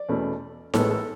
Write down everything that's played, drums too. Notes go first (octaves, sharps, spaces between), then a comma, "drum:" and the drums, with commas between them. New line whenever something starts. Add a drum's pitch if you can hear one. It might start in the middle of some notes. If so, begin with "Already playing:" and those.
Already playing: D5
E2 B2 A3 C#4
A1 A2 G#3 B3 A4, drum: snare D#4
A4